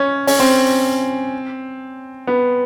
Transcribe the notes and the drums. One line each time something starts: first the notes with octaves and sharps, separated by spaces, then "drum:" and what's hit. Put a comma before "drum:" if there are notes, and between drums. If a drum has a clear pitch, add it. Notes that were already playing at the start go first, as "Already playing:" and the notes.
Already playing: C#4
C#4, drum: open hi-hat
C4
B3